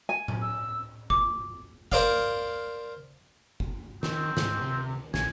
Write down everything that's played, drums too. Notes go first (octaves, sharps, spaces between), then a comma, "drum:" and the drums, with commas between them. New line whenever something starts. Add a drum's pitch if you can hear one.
G#5
drum: tom A2
E6
D6, drum: kick F#1
A#4 C5 D5 F5, drum: kick F#1
drum: kick F#1
D#3 C4, drum: snare
G#2, drum: snare
C3
A#1 G#5, drum: snare